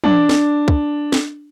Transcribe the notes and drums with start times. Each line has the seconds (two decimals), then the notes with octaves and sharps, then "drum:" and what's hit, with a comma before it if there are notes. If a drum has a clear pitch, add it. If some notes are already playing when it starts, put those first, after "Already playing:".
0.04 D4, drum: tom
0.29 drum: snare
0.68 drum: kick
1.12 drum: snare